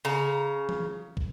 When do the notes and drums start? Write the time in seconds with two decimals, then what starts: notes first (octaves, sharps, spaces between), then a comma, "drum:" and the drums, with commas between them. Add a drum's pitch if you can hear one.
0.05 C#3 A#5
0.69 drum: tom E3
1.17 drum: kick